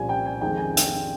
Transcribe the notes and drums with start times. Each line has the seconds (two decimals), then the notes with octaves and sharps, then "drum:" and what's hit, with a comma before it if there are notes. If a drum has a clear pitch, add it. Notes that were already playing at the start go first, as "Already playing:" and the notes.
Already playing: C2 A#2 F3 G#5
0.09 G5
0.26 G#5
0.41 F2 D#3 G#3 G5
0.57 G#5
0.77 drum: hi-hat